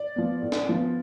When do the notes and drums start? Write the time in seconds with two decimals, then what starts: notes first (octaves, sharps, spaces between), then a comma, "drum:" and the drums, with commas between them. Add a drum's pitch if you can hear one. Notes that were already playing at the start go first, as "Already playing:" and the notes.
Already playing: D5
0.16 F3 B3
0.42 A2
0.52 drum: snare
0.69 F3 B3